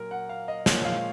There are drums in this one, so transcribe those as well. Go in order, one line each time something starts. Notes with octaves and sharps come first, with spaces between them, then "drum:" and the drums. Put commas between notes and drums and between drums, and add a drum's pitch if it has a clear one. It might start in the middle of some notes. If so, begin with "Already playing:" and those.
Already playing: A#2 F#3 A#4
F#5
F5
D#5
A#2 F3 G#3 C#5, drum: snare
F5